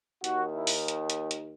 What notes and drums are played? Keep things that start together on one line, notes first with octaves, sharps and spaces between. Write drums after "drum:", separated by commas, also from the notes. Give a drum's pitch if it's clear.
D#2 D#3 F#4, drum: hi-hat
E4
drum: open hi-hat
drum: hi-hat
drum: hi-hat
drum: hi-hat